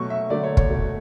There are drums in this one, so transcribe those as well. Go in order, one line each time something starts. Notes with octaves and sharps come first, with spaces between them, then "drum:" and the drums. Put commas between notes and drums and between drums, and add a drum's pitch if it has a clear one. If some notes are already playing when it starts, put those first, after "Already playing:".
Already playing: B2 F#3 A3 C#6
E5
D3 F#3 A3 D5
C#5
C#5, drum: kick
B2 A3